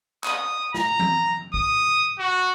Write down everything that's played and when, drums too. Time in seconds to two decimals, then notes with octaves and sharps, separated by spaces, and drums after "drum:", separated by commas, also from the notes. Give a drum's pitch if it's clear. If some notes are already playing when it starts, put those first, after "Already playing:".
0.24 D#6, drum: clap
0.74 A#5, drum: snare
0.99 drum: tom E3
1.54 D#6, drum: kick B1
2.19 F#4